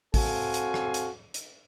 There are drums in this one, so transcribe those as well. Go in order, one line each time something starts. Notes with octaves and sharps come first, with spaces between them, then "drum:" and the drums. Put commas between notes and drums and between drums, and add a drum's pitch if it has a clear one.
C4 F#4 A4 F5 G#5, drum: kick A1, open hi-hat
drum: hi-hat
drum: rim click
drum: hi-hat
drum: hi-hat